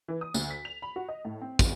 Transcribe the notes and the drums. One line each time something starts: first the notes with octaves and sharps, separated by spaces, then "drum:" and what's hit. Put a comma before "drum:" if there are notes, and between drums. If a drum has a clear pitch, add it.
E3
D#6
D2, drum: tambourine
B6
F7
B5
F#4
D#5
A2
C4
D2, drum: kick, tambourine